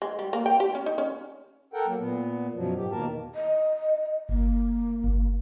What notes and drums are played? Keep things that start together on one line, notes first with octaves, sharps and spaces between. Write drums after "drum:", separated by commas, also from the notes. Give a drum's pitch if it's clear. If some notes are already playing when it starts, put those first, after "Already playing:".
G#3
G3
A#3
G5, drum: cymbal
G4
C#4
D#4
C#4
A4 A#4 F#5 G5
F#3 A#3
A#2 B3
F#2 B2 F3 F#3
G#2 G4
E2 B2 D#3 A#3 A#4 A5
D#5
A#3, drum: kick G1
drum: kick G1